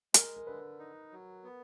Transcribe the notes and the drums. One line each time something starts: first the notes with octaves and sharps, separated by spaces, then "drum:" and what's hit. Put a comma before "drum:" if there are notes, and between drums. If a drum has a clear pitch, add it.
G#3 A#4, drum: hi-hat
A#4
D3 B4
D#4
F#3
B3